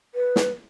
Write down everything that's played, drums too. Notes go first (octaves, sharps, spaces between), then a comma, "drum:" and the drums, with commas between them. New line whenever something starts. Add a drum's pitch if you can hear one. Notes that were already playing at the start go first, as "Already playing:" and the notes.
B4
drum: snare